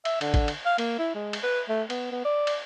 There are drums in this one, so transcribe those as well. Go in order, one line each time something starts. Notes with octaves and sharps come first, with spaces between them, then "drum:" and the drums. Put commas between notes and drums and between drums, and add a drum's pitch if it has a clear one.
E5, drum: cymbal
D3, drum: cymbal
drum: kick G#1, cymbal
drum: cymbal
F5
A#3, drum: cymbal
E4
G#3
drum: cymbal
B4
A3
B3, drum: cymbal
B3
D5
drum: cymbal